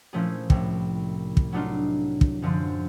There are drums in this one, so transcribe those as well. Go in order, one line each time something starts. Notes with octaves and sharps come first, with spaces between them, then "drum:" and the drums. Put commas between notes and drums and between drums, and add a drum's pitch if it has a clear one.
A#2 F3 A3 C#4 E4 G#4
C2 A2, drum: kick
drum: kick
F#3 A3 D4 D#4 F4
drum: kick
F#2 D3 F3